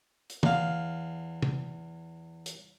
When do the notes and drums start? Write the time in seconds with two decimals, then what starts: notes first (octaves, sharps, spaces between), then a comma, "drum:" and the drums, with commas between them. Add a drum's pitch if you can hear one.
0.30 drum: hi-hat
0.43 E2 F5, drum: tom
1.43 drum: tom
2.46 drum: hi-hat